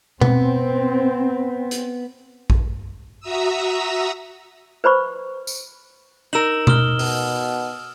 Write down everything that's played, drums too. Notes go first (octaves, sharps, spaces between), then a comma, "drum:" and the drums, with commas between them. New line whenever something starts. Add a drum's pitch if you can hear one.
B3 C4, drum: tom B2
drum: hi-hat
drum: kick A#1
F#4 E5 A#5 D#6 E6
B4 C5 B5 C#6
drum: tambourine
D#4 A#4 E6 E7 F#7
D#6 F6 G7, drum: tom B2
B2, drum: open hi-hat